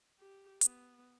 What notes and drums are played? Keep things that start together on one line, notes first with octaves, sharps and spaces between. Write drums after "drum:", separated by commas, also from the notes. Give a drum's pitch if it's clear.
G4
B3, drum: hi-hat